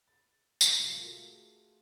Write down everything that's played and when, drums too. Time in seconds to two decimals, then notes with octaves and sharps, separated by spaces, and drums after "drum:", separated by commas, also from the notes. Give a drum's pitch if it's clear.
0.08 A6
0.61 drum: tambourine
0.77 A1 D2 C3 F#3 G3 F5
0.98 F3 A3 F4 F#4 G#4 A#4